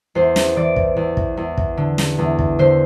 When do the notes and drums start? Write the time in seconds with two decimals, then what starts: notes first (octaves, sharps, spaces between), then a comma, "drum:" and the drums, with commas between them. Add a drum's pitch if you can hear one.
0.15 E2 C5
0.36 drum: snare
0.56 E3 D5
0.76 drum: kick
0.96 E2
1.17 drum: kick
1.37 E2
1.58 drum: kick
1.77 D3
1.98 drum: snare
2.18 E2
2.39 drum: kick
2.59 D3 C5